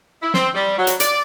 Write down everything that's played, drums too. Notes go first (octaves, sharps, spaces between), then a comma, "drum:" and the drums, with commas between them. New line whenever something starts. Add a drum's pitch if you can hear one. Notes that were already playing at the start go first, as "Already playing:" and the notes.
E4
C4, drum: snare
G3
F#3
drum: hi-hat
D5, drum: hi-hat